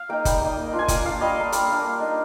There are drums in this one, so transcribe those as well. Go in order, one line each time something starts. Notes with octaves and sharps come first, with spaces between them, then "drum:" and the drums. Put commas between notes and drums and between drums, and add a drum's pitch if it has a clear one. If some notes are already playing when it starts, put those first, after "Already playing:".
Already playing: F5
A#3 D#4 G5
G3 G5, drum: kick F#1, hi-hat
A#3 D#4
A#3
D4 F4
G#5
A#3 G5, drum: kick F#1, hi-hat
D4 F4 F5
G3 D#5
A#3 D4
G3 A#4, drum: hi-hat
A#3 D4
A#3
D#4